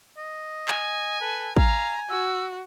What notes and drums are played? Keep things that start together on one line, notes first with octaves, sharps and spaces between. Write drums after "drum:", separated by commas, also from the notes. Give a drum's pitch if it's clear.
D#5
G#5, drum: clap
A4 B4
F5 G#5 A#5, drum: kick
F#4 E6